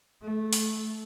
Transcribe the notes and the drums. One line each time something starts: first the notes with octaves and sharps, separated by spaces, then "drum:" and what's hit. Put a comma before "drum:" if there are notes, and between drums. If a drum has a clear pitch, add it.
A3
drum: open hi-hat